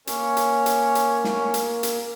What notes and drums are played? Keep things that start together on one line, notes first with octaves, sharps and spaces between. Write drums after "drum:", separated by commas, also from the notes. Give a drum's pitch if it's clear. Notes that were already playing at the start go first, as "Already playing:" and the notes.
A#3 C#4 A#4 C#5, drum: hi-hat
drum: hi-hat
drum: hi-hat
drum: hi-hat
drum: snare
drum: hi-hat
drum: hi-hat